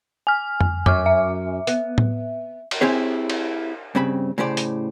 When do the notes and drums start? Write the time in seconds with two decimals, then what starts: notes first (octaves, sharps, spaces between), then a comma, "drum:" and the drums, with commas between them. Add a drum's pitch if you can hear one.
0.27 G#5 F6
0.61 drum: tom F2
0.86 F#2 D6 F6, drum: tom F2
1.06 E5
1.67 B3, drum: hi-hat
1.98 drum: tom A2
2.71 drum: cymbal
2.81 C4 E4 G4 G#4 C#5
3.30 drum: cymbal
3.95 G2 C#3 C4 B5
4.38 A2 C#3 G4 C5 D5
4.57 drum: hi-hat